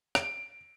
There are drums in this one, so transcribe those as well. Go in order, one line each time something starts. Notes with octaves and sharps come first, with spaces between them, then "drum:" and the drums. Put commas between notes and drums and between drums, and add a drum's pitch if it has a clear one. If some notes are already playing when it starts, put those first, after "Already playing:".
D7, drum: rim click